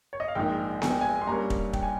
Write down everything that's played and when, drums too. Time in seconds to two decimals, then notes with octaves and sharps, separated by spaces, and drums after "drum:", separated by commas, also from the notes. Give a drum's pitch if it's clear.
0.13 C#5
0.20 D#5
0.28 F5
0.35 A#1 G#2 D#3 A#3 D#4 G5
0.82 G#5, drum: snare B3
0.91 G5
1.01 G#5
1.21 C6
1.27 G2 G3 A#3 C#4 A#5
1.50 drum: kick
1.73 G5, drum: kick
1.83 G#5